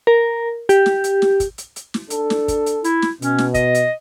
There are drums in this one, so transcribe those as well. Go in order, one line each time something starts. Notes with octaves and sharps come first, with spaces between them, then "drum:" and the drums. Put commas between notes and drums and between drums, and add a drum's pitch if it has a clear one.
A#4
G4, drum: hi-hat
drum: snare
drum: hi-hat
drum: snare
drum: kick, hi-hat
drum: hi-hat
drum: hi-hat
drum: snare
D4 A4, drum: hi-hat
drum: snare
drum: kick, hi-hat
drum: hi-hat
E4, drum: hi-hat
drum: snare
B2 C#4, drum: hi-hat
drum: snare
D#5, drum: kick, hi-hat
drum: hi-hat